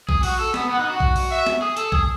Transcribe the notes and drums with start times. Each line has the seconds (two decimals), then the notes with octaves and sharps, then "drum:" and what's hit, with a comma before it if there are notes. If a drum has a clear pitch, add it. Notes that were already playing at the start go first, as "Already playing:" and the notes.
0.09 G#4, drum: kick A#1
0.23 F#4, drum: open hi-hat
0.39 A4
0.54 B3, drum: snare
0.70 B3 F#5
0.79 D#4
0.90 F#4
1.00 drum: kick A#1
1.16 drum: open hi-hat
1.31 E5
1.47 drum: snare
1.62 G#4
1.77 A4, drum: hi-hat
1.92 G#4, drum: kick A#1